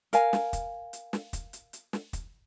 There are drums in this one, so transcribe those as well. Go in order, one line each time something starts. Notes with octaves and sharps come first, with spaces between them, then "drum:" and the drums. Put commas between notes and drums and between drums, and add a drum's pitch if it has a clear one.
A#4 F5 G#5, drum: hi-hat
drum: snare
drum: kick, hi-hat
drum: hi-hat
drum: snare
drum: kick, hi-hat
drum: hi-hat
drum: hi-hat
drum: snare
drum: kick, hi-hat